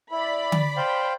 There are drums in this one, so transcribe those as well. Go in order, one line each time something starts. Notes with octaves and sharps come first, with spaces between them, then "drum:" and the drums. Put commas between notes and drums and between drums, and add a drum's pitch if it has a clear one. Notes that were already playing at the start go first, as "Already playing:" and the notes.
E4 D5 B5
drum: tom D3
C5 F5 G5